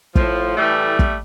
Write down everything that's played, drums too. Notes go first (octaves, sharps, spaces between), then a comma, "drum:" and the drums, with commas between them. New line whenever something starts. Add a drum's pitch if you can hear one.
A2 F3, drum: kick
A2 E3 G3 A3
drum: kick